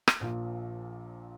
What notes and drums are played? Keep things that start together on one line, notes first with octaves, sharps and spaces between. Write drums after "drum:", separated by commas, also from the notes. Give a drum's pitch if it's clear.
drum: rim click
A#1 A#2 F3